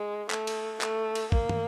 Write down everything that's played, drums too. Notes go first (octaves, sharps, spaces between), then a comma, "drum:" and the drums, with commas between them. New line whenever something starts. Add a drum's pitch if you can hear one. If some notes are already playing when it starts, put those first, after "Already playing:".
Already playing: G#3
A3, drum: clap
drum: cymbal
A3, drum: clap
drum: cymbal
A#3, drum: kick
drum: tom